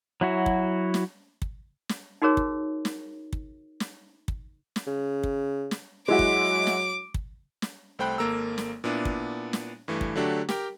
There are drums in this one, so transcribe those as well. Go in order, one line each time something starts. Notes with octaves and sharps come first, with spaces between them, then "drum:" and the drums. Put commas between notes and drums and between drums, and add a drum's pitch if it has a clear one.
F#3 E4 F#4
drum: kick
drum: snare
drum: kick
drum: snare
D#4 F#4 G#4 A#4 C#5
drum: kick
drum: snare
drum: kick
drum: snare
drum: kick
drum: snare
C#3
drum: kick
drum: snare
F#3 G#3 E4 F#4 D6
drum: kick
drum: snare
drum: kick
drum: snare
C2 A3 C5 G5 B5 F#6
G#1 A#3 A4 A#5 E6
drum: snare
A#2 B3 D4 E4
drum: kick
drum: snare
G2 E3 A3
drum: kick
D3 F#3 A3 D4 F#4 G4
G4 A#4 G5, drum: snare